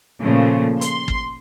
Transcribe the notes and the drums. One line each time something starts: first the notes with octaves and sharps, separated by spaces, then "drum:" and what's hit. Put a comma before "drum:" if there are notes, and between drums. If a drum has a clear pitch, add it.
A#2 C#3 F3 A3
C6, drum: hi-hat
drum: kick